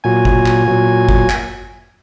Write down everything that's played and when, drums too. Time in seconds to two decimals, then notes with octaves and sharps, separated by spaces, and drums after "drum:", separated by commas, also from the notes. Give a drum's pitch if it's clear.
0.04 A#2 F#3 G#5
0.25 drum: kick G1
0.46 drum: clap
0.68 A#2 F#3
1.09 drum: kick G1
1.29 drum: clap